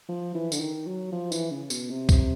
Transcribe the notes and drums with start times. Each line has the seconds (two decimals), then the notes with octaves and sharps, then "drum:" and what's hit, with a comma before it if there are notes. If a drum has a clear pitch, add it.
0.09 F3
0.35 E3
0.52 D3, drum: tambourine
0.60 D#3
0.86 F#3
1.12 F3
1.32 E3, drum: tambourine
1.51 C#3
1.70 B2, drum: tambourine
1.90 C3
2.09 drum: kick C2, tambourine